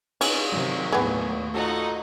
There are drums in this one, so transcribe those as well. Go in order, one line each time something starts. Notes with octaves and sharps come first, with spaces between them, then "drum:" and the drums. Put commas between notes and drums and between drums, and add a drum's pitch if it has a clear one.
C#4 D#4 G#4 B4, drum: cymbal
C3 D#3 F#3
D#2 A2 B3 G#4
D#4 F4 F#4 A4 F#5